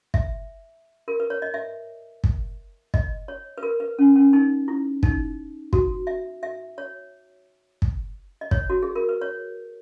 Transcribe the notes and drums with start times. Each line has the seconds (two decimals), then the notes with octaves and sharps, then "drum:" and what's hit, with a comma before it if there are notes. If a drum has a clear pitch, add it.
0.14 E5, drum: kick
1.08 A#4
1.20 B4
1.30 C#5
1.42 D#5
1.54 E5
2.24 drum: kick
2.94 D#5, drum: kick
3.28 C#5
3.58 B4
3.63 A#4
3.80 B4
3.99 C#4
4.16 C#4
4.33 D#4
4.68 E4
5.03 D#4, drum: kick
5.73 F#4, drum: kick
6.07 E5
6.43 E5
6.78 C#5
7.82 drum: kick
8.41 D#5
8.51 C#5, drum: kick
8.70 F#4
8.83 G#4
8.96 A#4
9.09 B4
9.21 C#5